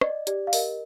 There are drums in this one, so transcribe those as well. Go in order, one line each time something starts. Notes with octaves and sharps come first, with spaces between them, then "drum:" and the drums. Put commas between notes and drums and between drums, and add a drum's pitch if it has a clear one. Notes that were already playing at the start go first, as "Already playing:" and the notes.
D5 D#5, drum: rim click
G4 D5, drum: hi-hat
F5
A#4 D#5, drum: open hi-hat